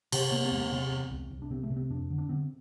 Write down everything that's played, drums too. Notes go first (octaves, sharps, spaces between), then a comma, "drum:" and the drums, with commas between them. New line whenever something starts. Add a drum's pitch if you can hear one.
C3, drum: cymbal
C3 A#3
C4
E2 A3
A#3
C3 C4
E2
C2
C2
D4
C3 C4
A3
C3
C4
F2 D4
D3
D4
D3 C4